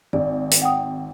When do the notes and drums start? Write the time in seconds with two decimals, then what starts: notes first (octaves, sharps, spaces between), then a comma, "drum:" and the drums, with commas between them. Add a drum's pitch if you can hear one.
0.13 G#1 D5
0.51 drum: hi-hat
0.62 F#5 G5 D#6